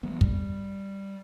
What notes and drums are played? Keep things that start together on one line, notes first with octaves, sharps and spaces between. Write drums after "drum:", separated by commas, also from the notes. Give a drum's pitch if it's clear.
E3 G3 B3
G3, drum: kick